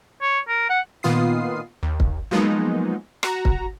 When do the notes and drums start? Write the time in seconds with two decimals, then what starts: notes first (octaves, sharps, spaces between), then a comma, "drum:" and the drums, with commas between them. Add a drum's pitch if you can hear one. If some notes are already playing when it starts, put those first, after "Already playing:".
0.22 C#5
0.48 A#4
0.70 F#5
1.03 A#2 D#3 B3 F4 D#6 C7
1.83 D#2
2.00 drum: kick
2.31 F3 F#3 G#3 A#3 B3 D#4
3.23 F#4 A#5, drum: rim click
3.45 drum: kick